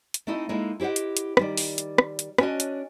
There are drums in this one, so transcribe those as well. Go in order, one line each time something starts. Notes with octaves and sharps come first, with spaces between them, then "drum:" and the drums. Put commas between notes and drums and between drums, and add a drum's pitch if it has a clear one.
drum: hi-hat
A3 C4 D#4 E4 D#5 E5
G#3 A#3 D#4 E4 A4
E4 G4 C5 D#5 F#5
drum: hi-hat
drum: hi-hat
D#3 G3 D5, drum: rim click
drum: open hi-hat
drum: hi-hat
drum: rim click
drum: hi-hat
C#4 D4 F#4 A#4 C#5 D#5, drum: rim click
drum: hi-hat